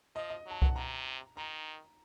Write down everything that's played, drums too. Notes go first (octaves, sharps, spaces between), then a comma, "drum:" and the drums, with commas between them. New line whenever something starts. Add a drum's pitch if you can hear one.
F3 D#5
D#5
F#3 A5
F#5, drum: kick C2
C3 A#5
D#3 A#5